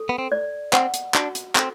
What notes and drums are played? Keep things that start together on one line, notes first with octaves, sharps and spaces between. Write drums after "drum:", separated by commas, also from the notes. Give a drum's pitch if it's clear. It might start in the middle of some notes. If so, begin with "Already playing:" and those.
Already playing: A4
B3
C4
D5
C4 F#5, drum: clap
drum: hi-hat
D4 F#4, drum: clap
drum: hi-hat
C4 A4, drum: clap